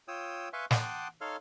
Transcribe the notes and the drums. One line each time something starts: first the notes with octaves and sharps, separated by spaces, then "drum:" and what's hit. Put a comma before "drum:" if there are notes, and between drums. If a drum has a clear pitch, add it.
F4 C#5 G5 D#6 E6
B4 E5 F5 G#5 C6 C#6
F#5 G5 A5 C6 D6 D#6, drum: snare
D#4 A4 C#5 F5 C6 F6